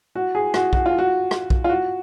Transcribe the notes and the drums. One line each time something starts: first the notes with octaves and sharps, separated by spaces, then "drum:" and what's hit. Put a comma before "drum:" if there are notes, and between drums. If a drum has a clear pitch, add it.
F#4
G#4
F#4, drum: rim click
F#4, drum: kick B1
F4
F#4
drum: rim click
drum: kick B1
F4
F#4